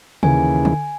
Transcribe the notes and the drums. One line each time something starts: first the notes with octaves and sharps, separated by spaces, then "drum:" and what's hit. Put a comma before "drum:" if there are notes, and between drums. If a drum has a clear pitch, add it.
D#2 C#3 E3 G#5, drum: tom C3
drum: tom D3